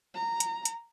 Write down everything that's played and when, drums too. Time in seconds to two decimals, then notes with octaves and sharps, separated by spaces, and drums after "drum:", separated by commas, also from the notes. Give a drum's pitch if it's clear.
0.15 A#5
0.40 drum: hi-hat
0.65 drum: hi-hat